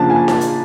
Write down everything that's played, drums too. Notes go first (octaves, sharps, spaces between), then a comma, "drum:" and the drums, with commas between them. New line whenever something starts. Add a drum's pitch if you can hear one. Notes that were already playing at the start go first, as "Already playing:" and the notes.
Already playing: C#3 F3 A#3 D4 A5
G#5
A5, drum: snare D#4
drum: hi-hat